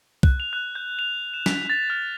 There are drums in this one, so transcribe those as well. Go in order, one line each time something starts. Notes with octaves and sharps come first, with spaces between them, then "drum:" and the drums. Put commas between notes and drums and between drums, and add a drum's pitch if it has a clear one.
F#6, drum: kick
F7
F#6
G6
F7
E7
B6, drum: snare
A6
F6